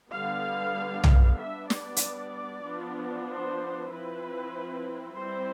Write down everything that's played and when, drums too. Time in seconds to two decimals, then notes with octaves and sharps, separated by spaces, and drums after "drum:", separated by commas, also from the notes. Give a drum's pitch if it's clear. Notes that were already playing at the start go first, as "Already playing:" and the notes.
0.12 D3 G3 B3 F5
1.04 drum: tom B1
1.38 G3 B3 D4 E5
1.70 D5, drum: snare
1.96 drum: hi-hat
2.64 F3 B3 D4
3.28 C5
3.91 F3 C4 E4 B4
5.17 G3 C4 E4 C5